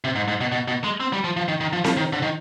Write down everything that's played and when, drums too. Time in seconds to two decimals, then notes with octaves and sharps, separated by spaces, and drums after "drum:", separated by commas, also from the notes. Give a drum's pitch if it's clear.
0.04 C3
0.16 G#2
0.28 G#2
0.41 B2
0.52 B2
0.68 B2
0.84 G#3
1.00 C4
1.13 G3
1.24 F3
1.37 F3
1.48 D#3
1.61 D#3
1.73 F3
1.84 F3, drum: snare C4
1.97 D#3
2.13 D3
2.22 D#3